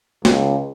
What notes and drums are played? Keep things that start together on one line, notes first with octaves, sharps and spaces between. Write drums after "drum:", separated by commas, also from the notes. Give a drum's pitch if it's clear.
C#2, drum: snare